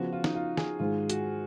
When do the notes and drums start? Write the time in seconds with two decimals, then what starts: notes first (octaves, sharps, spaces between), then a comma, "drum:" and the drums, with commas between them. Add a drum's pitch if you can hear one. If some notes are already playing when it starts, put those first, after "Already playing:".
Already playing: C#3 F3 B3 F#4
0.13 F4
0.24 D#4, drum: snare
0.35 F4
0.57 G#4, drum: snare
0.79 G#2 D#3 G#3 F4
1.10 F#4, drum: hi-hat